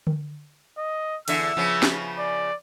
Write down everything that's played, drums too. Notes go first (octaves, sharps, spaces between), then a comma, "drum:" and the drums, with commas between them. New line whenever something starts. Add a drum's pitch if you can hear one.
drum: tom D3
D#5
E2 D3 E5 E6, drum: cymbal
C#3 F3 B3
drum: snare
D5